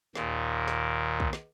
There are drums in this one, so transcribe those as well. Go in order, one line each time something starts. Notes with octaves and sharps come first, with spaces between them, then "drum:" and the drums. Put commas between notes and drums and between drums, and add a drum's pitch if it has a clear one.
D#2 A#2, drum: snare
drum: snare
drum: kick
drum: snare